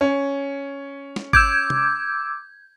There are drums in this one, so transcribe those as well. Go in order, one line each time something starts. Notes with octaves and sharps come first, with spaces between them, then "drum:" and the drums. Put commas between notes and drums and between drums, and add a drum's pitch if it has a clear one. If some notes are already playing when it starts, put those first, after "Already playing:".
C#4
drum: snare
D6 E6 G6 G#6, drum: kick G#1
drum: tom C3